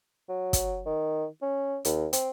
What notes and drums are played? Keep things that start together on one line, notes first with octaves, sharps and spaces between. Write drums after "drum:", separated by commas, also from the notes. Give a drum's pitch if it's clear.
F#3
drum: kick, hi-hat
D#3
C#4
D#2, drum: hi-hat
C4, drum: hi-hat